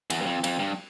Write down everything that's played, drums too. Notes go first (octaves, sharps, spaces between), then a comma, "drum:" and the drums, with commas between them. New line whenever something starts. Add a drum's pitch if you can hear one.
E2, drum: cymbal
G2
F2
F2, drum: cymbal
G2